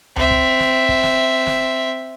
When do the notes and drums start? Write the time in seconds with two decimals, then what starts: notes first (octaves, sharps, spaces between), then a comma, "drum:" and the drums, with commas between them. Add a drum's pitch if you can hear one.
0.16 C4 E5, drum: tom C#2
0.31 drum: kick
0.60 drum: snare
0.89 drum: kick
1.03 drum: snare
1.47 drum: snare